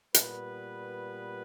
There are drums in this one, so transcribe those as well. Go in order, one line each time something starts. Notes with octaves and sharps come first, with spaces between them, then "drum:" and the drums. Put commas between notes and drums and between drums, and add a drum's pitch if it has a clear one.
A#2 G3 B3 B4, drum: hi-hat